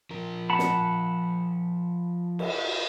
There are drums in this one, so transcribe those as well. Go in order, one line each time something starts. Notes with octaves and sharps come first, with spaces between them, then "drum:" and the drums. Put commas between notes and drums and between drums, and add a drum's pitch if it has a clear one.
F3 A#4
F#5 A5 B5
drum: snare
drum: cymbal